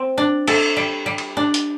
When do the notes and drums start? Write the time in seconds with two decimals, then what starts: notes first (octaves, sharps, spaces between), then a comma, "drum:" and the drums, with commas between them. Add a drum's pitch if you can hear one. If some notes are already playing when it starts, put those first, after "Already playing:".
Already playing: C4
0.18 D4
0.48 A4, drum: cymbal
0.77 G3
1.06 G3
1.18 drum: cymbal
1.37 D4
1.54 drum: hi-hat